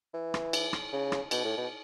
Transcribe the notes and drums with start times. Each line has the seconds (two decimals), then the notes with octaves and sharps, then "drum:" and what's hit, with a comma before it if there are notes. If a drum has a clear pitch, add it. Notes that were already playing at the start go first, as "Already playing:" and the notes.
0.14 E3
0.34 drum: rim click
0.53 drum: cymbal
0.73 drum: rim click
0.92 C#3
1.12 drum: rim click
1.31 B2, drum: cymbal
1.44 A2
1.57 B2